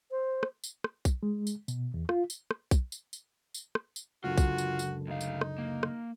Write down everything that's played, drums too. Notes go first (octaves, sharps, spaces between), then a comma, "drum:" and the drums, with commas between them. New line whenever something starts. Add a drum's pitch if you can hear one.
C5
drum: rim click
drum: tambourine
drum: rim click
drum: kick B1, tambourine
G#3
drum: tambourine
B2, drum: tambourine
E2
F4, drum: rim click
drum: tambourine
drum: rim click
drum: kick B1, tambourine
drum: tambourine
drum: tambourine
drum: tambourine
drum: rim click
drum: tambourine
C#2 F#2 D3 F4 F#4
drum: kick B1, tambourine
drum: tambourine
drum: tambourine
D2 D#4 F5
drum: tambourine
drum: rim click
A#3
drum: rim click